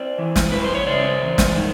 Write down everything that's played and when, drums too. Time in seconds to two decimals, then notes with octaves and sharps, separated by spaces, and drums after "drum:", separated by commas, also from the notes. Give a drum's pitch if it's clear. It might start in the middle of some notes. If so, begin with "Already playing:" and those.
Already playing: C4 C5 D5
0.18 E3
0.36 drum: snare
0.52 G2 B4
0.64 C5
0.75 C#5
0.86 C#3 C5 D5
1.21 E2
1.38 drum: snare
1.55 D#3